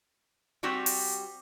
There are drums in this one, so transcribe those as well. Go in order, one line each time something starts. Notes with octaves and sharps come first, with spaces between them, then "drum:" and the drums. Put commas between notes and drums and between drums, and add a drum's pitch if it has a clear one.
G3 C4 F#4 G4
drum: open hi-hat